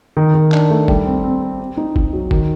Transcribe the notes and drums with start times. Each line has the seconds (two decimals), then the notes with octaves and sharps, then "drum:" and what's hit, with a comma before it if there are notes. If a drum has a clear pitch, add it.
0.17 D#3
0.34 D#3
0.52 D4, drum: clap
0.70 A3
0.88 G3, drum: kick F#1
1.06 C4
1.24 C4
1.42 C4
1.60 C4
1.77 D#4
1.96 D#4, drum: kick F#1
2.13 F#3
2.31 D#3, drum: kick F#1